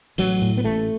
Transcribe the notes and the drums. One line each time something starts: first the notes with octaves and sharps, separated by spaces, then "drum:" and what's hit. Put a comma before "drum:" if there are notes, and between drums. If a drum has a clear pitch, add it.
A1 F#3, drum: cymbal
A2
B3
A1 A3